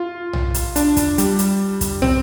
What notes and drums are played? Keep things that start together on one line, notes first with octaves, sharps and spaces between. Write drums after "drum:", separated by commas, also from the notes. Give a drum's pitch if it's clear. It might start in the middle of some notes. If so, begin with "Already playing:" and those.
Already playing: F4
drum: tom
drum: hi-hat
D4, drum: hi-hat
drum: kick, hi-hat
G3, drum: hi-hat
drum: hi-hat
drum: kick, hi-hat
C4, drum: tom